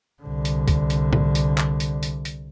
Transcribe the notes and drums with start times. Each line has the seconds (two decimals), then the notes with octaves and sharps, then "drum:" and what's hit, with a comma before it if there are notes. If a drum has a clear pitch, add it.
0.23 C2 D3
0.45 drum: hi-hat
0.68 drum: kick B1, hi-hat
0.90 drum: hi-hat
1.13 drum: tom
1.35 drum: hi-hat
1.58 drum: clap
1.80 drum: hi-hat
2.03 drum: hi-hat
2.25 drum: hi-hat